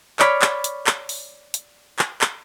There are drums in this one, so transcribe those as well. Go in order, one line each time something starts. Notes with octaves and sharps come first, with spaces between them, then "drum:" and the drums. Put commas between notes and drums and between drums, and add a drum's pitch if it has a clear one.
C#5 D5 B5 F6, drum: clap
drum: clap
drum: hi-hat
drum: clap
drum: open hi-hat
drum: hi-hat
drum: clap
drum: clap